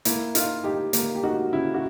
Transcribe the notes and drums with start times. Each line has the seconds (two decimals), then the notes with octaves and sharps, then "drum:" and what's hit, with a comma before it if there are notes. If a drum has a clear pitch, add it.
0.05 A#3 E4, drum: hi-hat
0.35 D#4 F4, drum: hi-hat
0.64 D#4 G4
0.93 A#3, drum: hi-hat
1.15 G4
1.24 D#4 F#4
1.52 C#3 E4
1.74 F#4